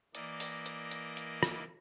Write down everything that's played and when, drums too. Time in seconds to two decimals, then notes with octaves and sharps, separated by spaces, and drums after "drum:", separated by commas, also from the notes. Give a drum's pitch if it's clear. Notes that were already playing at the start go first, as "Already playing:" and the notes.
0.15 E3 A#3 D5 D#5, drum: hi-hat
0.40 drum: open hi-hat
0.66 drum: hi-hat
0.91 drum: hi-hat
1.17 drum: hi-hat
1.43 drum: rim click